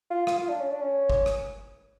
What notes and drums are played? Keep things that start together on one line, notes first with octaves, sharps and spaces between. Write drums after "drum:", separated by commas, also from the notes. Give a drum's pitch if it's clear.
F4
F4, drum: rim click
F4
D4
C#4
D4
C#4
drum: kick G1
drum: rim click